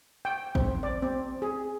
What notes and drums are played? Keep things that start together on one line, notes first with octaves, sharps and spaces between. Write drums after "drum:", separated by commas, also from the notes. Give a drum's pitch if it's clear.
G5
C4, drum: kick A1
D5
C4
G#4